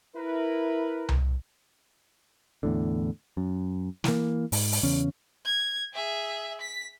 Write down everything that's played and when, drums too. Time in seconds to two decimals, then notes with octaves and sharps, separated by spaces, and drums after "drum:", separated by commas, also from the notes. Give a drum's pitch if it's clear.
0.17 E4 A#4 B4
1.09 drum: tom C2
2.63 E2 A2 D3
3.37 F#2
4.04 E3 A#3, drum: snare
4.52 G#2, drum: open hi-hat
4.72 drum: open hi-hat
4.83 E2 C#3 C#4
5.46 G#6
5.93 G#4 E5
6.61 B6